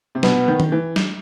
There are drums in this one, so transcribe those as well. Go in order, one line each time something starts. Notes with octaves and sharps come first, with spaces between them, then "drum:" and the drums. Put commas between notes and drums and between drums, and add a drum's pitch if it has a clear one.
C3
B2 B3, drum: snare
D#3
drum: tom D#3
E3
drum: snare